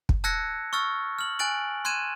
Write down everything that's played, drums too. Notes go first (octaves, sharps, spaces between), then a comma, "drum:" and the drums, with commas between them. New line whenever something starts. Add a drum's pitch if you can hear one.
drum: kick
A5 E6 F#6 G#6 A#6 C#7
C#6 E6 F6 A6
F6 F#7
G#5 F#6 A6 D7 F#7
C6 F#6 G#6 D#7 E7